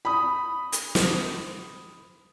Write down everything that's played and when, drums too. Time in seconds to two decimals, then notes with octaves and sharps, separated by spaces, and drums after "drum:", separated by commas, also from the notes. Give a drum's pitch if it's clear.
0.05 B5 D#6
0.72 drum: hi-hat
0.95 drum: snare